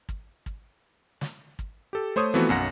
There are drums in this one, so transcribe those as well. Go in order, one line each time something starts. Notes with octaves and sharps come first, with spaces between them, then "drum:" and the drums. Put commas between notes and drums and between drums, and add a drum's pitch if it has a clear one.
drum: kick
drum: kick
drum: snare
drum: kick
G4 A4
A3 C5 C#5 D#6
E3 F3 A3 B3 C4 F#4
B1 F#2 F#5 A#6